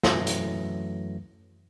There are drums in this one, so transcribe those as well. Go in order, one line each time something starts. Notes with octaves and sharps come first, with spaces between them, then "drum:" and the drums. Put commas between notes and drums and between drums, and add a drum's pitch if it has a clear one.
F#2 E3 F#3 A3 A#6, drum: snare
drum: hi-hat